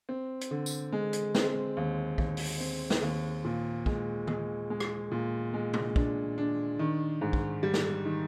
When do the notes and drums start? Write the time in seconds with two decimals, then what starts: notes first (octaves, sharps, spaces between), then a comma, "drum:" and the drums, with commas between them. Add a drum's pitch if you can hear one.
0.09 C4
0.41 drum: hi-hat
0.51 D3
0.66 drum: tambourine
0.92 G#3
1.13 drum: hi-hat
1.35 C4, drum: snare
1.77 D#2
2.18 D#2, drum: kick
2.37 drum: open hi-hat
2.60 C4
2.90 drum: snare
3.02 D#2
3.44 A#2
3.86 G#3, drum: kick
4.27 G#3, drum: tom D#3
4.70 G#3
4.80 drum: rim click
5.11 A#2
5.54 G#3
5.74 drum: tom
5.96 D4, drum: kick
6.38 D4
6.79 D#3
7.21 G#2
7.33 drum: kick
7.63 G3
7.74 drum: snare
8.05 D#3